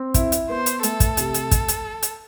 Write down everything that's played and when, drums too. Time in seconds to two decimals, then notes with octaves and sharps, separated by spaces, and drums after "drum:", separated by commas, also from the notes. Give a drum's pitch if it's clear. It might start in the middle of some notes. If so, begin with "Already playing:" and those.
Already playing: C4
0.14 E4, drum: kick, hi-hat
0.32 drum: hi-hat
0.49 B3 C5
0.66 drum: hi-hat
0.83 A3 A4, drum: hi-hat
1.00 drum: kick, hi-hat
1.17 C3, drum: hi-hat
1.34 drum: hi-hat
1.51 drum: kick, hi-hat
1.69 drum: hi-hat
2.03 drum: hi-hat